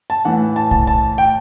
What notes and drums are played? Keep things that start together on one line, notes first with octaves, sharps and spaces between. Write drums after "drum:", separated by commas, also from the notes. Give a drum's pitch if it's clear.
A5
A2 E3 F#5
A5
A5, drum: kick
A5
G5